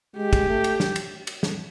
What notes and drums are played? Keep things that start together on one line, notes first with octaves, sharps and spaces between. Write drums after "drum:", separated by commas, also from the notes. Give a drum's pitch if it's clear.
G#3 G4
drum: kick, cymbal
A3
drum: cymbal
drum: snare
drum: cymbal
drum: cymbal
drum: snare